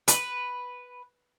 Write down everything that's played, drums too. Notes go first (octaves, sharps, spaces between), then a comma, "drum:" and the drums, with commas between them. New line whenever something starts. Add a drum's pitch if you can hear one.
B4, drum: hi-hat